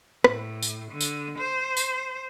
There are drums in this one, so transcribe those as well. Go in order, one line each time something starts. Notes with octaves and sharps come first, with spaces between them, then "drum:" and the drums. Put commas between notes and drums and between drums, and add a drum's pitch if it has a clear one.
A2, drum: rim click
drum: tambourine
D3
drum: tambourine
C5
drum: tambourine